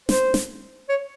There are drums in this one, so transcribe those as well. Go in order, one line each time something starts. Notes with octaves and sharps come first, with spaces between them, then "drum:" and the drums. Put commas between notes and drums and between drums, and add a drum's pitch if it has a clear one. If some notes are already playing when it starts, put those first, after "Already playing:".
C5, drum: snare
drum: snare
C#5